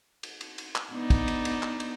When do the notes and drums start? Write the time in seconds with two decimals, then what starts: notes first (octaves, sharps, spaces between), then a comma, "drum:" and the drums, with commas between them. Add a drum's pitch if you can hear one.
0.23 drum: cymbal
0.41 drum: cymbal
0.58 drum: cymbal
0.75 drum: clap
0.93 B3 D4 D#4
1.10 drum: kick, cymbal
1.28 drum: cymbal
1.45 drum: cymbal
1.63 drum: clap
1.80 drum: cymbal